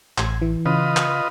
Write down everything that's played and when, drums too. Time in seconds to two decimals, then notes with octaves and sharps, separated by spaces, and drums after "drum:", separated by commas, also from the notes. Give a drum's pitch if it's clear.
0.18 A1 C6 G#6, drum: clap
0.42 E3
0.66 C#3 F4 B4 D#5
0.97 drum: clap